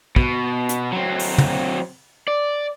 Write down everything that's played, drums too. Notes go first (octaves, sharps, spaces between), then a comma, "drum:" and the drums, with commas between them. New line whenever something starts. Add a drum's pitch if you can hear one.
B2, drum: kick
drum: hi-hat
F#3 C4
drum: open hi-hat
drum: tom
D5